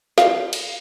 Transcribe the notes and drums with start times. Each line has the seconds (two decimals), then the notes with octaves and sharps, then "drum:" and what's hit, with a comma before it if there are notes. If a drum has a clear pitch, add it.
0.18 F5, drum: snare
0.53 drum: cymbal